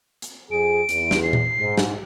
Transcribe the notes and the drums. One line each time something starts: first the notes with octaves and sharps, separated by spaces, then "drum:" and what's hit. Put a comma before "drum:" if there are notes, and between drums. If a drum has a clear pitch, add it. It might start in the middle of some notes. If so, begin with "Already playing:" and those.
drum: hi-hat
F2 G#4 D7
E2, drum: hi-hat
drum: snare
C7
drum: tom A#2
G#2
drum: snare